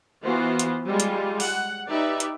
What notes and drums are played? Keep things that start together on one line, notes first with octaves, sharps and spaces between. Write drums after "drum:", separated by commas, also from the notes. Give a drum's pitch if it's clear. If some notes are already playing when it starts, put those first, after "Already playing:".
E3 B3 F4 F#4 C5
drum: hi-hat
G3 G#3 F4
drum: hi-hat
F#5, drum: open hi-hat
D#4 G4 B4 D5 E5
drum: hi-hat